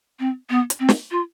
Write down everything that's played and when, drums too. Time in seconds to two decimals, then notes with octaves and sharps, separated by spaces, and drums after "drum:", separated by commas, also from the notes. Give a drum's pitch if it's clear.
0.19 C4
0.50 B3
0.70 drum: hi-hat
0.80 C4
0.89 drum: snare
1.11 F4